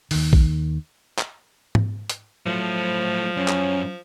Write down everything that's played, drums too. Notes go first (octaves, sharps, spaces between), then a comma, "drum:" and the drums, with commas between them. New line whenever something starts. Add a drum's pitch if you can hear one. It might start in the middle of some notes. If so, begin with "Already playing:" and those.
D#2 D#3, drum: open hi-hat
drum: kick A#1
drum: clap
drum: tom G#2
drum: hi-hat
A2 F3 F#3 A3 C5
F#2 C#4
drum: clap